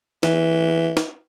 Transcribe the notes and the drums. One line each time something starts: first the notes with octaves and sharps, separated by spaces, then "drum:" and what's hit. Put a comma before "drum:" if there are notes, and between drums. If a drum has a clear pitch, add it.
E3, drum: snare
drum: snare